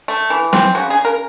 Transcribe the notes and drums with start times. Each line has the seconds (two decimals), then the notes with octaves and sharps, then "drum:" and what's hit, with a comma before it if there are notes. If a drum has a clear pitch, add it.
0.08 A3
0.30 E3
0.53 C4, drum: snare
0.75 C#3 F#4
0.90 G#4
0.98 C#3
1.05 A#4